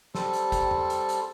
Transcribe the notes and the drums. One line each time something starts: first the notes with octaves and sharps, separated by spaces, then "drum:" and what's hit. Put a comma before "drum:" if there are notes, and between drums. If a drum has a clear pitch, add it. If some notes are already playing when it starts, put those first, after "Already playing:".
G3 C4 A4, drum: snare
drum: hi-hat
drum: kick G1, hi-hat
drum: tom E2
drum: hi-hat
drum: hi-hat